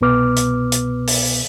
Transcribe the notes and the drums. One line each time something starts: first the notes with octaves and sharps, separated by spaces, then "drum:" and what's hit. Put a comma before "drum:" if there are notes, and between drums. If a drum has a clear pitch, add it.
C2 B2 B3 B4 D6 F6
drum: hi-hat
drum: hi-hat
drum: open hi-hat